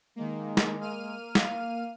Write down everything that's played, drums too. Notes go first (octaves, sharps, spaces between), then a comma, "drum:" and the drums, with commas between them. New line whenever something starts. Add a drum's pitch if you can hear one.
D#3 G#3 A#3
drum: snare
A#3 F6 D#7
F5, drum: snare